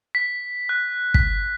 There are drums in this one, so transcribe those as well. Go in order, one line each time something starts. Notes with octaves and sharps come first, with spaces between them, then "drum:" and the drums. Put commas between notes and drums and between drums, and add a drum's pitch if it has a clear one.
B6
F#6
B6, drum: kick